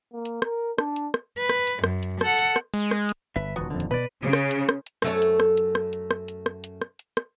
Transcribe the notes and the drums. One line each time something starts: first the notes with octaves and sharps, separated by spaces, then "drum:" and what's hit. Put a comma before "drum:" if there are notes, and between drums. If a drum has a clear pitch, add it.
A#3
drum: hi-hat
A#4, drum: rim click
D4, drum: rim click
drum: hi-hat
drum: rim click
B4
drum: rim click
drum: hi-hat
F#2, drum: rim click
drum: hi-hat
A4 F#5, drum: rim click
drum: hi-hat
drum: rim click
G#3, drum: hi-hat
drum: rim click
drum: hi-hat
G1 B4 E5
D#1 D#3 F3 B3 F#4
F2 D3
drum: hi-hat
B2 B4 D5
C#3
drum: rim click
drum: hi-hat
drum: rim click
drum: hi-hat
F#2 A3 C#5, drum: rim click
drum: hi-hat
drum: rim click
drum: hi-hat
drum: rim click
drum: hi-hat
drum: rim click
drum: hi-hat
drum: rim click
drum: hi-hat
drum: rim click
drum: hi-hat
drum: rim click